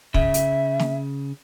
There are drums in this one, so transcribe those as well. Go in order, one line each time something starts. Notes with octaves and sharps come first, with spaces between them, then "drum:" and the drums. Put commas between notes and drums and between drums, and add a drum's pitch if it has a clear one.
C#3 E5, drum: kick
drum: hi-hat
drum: snare